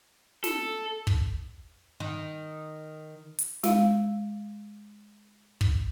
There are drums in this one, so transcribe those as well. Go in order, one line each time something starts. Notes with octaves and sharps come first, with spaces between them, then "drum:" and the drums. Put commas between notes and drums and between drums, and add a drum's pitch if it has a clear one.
A4, drum: snare
drum: kick
D#3
drum: hi-hat
G#3 F5, drum: snare
drum: kick